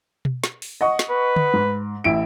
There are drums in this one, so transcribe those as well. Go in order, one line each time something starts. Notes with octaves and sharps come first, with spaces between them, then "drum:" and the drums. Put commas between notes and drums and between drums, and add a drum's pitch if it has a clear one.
drum: tom B2
drum: snare
drum: open hi-hat
D#5 F#5 C#6
drum: snare
B4
drum: tom D3
G#2
A1 E4 D7